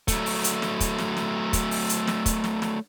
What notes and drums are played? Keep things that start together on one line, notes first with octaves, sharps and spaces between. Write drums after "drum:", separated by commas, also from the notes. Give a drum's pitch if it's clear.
F#3 A3, drum: kick, hi-hat
drum: open hi-hat
drum: hi-hat
drum: snare
drum: kick, hi-hat
drum: snare
drum: snare
drum: kick, hi-hat
drum: open hi-hat
drum: hi-hat
drum: snare
drum: kick, hi-hat
drum: snare
drum: snare